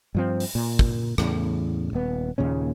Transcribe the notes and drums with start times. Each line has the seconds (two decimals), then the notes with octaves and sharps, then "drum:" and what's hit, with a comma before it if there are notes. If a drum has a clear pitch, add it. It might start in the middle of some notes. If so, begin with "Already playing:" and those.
0.15 G2 F3 C4
0.40 drum: open hi-hat
0.55 A#2
0.79 drum: kick
1.18 E2 A2 C#3, drum: rim click
1.93 D#1 B3
2.38 D#2 A#2 C#3 C#4